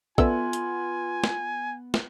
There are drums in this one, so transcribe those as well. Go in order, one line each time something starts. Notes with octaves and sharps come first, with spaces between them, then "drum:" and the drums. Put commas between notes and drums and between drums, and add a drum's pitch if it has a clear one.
B3 F4 A4 D5 E5 G#5, drum: kick
drum: hi-hat
drum: snare
drum: snare